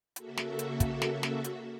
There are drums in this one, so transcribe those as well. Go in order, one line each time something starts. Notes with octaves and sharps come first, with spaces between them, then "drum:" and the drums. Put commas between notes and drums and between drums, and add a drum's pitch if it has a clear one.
C#3 A#3 F#4 A4 E5, drum: hi-hat
drum: snare
drum: hi-hat
drum: kick, hi-hat
drum: snare
drum: snare
drum: hi-hat